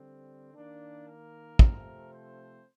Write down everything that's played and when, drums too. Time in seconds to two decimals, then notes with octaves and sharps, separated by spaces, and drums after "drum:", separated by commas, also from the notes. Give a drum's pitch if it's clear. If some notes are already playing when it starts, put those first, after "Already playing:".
Already playing: D3 G3 C4
0.54 D#3 A#3 D4
1.07 A#4
1.59 C3 F3 A3 C4, drum: kick
2.12 C5